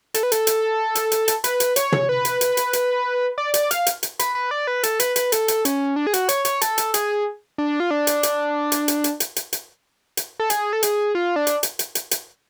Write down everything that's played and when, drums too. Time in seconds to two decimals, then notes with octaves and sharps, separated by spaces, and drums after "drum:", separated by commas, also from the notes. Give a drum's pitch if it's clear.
0.14 A4, drum: hi-hat
0.23 B4
0.32 A4, drum: hi-hat
0.47 drum: hi-hat
0.95 drum: hi-hat
1.12 drum: hi-hat
1.28 drum: hi-hat
1.44 B4, drum: hi-hat
1.60 drum: hi-hat
1.76 C#5, drum: hi-hat
1.92 drum: tom
2.09 B4
2.25 drum: hi-hat
2.41 drum: hi-hat
2.57 drum: hi-hat
2.73 drum: hi-hat
3.38 D5
3.54 D5, drum: hi-hat
3.71 F5, drum: hi-hat
3.86 drum: hi-hat
4.03 drum: hi-hat
4.19 B4, drum: hi-hat
4.35 B4
4.51 D5
4.67 B4
4.83 A4, drum: hi-hat
5.00 B4, drum: hi-hat
5.16 B4, drum: hi-hat
5.32 A4, drum: hi-hat
5.48 drum: hi-hat
5.65 C#4, drum: hi-hat
5.96 D4
6.07 G#4
6.14 F#4, drum: hi-hat
6.29 C#5, drum: hi-hat
6.45 C#5, drum: hi-hat
6.61 A4, drum: hi-hat
6.78 drum: hi-hat
6.94 G#4, drum: hi-hat
7.58 D4
7.80 F4
7.91 D4
8.07 drum: hi-hat
8.23 drum: hi-hat
8.72 drum: hi-hat
8.88 drum: hi-hat
9.04 drum: hi-hat
9.20 drum: hi-hat
9.36 drum: hi-hat
9.53 drum: hi-hat
10.17 drum: hi-hat
10.40 A4
10.50 G#4, drum: hi-hat
10.73 A4
10.83 G#4, drum: hi-hat
11.15 F4
11.36 D4
11.47 drum: hi-hat
11.63 drum: hi-hat
11.79 drum: hi-hat
11.95 drum: hi-hat
12.11 drum: hi-hat